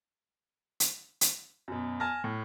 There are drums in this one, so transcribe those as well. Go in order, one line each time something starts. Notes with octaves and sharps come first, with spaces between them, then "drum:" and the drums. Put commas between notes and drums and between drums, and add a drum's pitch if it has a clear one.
drum: hi-hat
drum: hi-hat
F#2 B2
G#5 A5 F6 A#6
A2